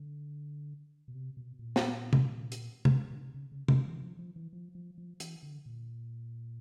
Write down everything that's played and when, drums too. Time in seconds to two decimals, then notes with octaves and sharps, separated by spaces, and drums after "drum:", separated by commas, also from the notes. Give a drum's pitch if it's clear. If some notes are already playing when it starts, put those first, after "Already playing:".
Already playing: D3
1.08 B2
1.15 C3
1.37 B2
1.59 A#2
1.76 drum: snare
2.13 drum: tom
2.52 drum: hi-hat
2.85 drum: tom
3.11 B2
3.18 C3
3.34 C#3
3.52 C#3
3.68 D3, drum: tom
3.86 E3
4.02 F3
4.19 F3
4.36 E3
4.53 F3
4.75 F3
4.98 F3
5.20 E3, drum: hi-hat
5.43 D3
5.66 A#2